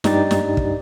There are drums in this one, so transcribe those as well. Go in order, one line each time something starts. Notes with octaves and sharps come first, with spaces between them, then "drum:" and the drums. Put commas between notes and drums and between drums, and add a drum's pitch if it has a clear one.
G2 D#4 G4 D5 G5 A6, drum: snare
drum: snare
drum: kick